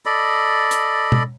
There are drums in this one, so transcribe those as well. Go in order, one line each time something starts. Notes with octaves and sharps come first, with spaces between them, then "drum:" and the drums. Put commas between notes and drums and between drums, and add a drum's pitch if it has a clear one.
A4 D5 D#5 B5
drum: hi-hat
drum: tom B2